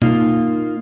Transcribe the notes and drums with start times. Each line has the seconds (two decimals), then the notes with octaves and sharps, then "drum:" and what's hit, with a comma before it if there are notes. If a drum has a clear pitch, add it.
0.02 A#3 D#4 F4, drum: tom B2